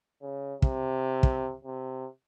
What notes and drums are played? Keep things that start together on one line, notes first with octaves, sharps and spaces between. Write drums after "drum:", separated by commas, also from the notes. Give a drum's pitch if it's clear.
C#3
C3, drum: kick
drum: kick
C3